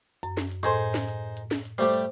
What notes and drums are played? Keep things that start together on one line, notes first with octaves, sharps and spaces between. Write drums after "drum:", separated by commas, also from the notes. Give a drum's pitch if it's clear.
F#2, drum: hi-hat
drum: snare
drum: hi-hat
A2 D#4 G#4 A4 C5 C6
drum: snare
drum: hi-hat
drum: hi-hat
drum: snare
drum: hi-hat
G3 A3 G4 C5
drum: hi-hat